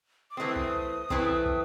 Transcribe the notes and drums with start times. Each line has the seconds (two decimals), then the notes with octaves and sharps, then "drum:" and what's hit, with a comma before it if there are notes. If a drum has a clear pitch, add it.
0.31 D6
0.37 E3 A3 C4 D#6
0.56 drum: kick
1.10 E3 A3 C4, drum: kick
1.46 drum: kick